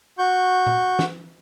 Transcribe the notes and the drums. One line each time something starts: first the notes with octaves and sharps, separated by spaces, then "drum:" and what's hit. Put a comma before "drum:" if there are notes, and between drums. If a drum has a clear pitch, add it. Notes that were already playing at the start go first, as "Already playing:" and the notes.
F#4 C#6 G6
drum: tom A#2
drum: snare